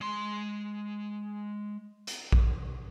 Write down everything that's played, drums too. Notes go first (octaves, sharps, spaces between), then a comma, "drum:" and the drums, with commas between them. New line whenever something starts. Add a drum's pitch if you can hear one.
G#3 C6
drum: hi-hat
drum: kick A#1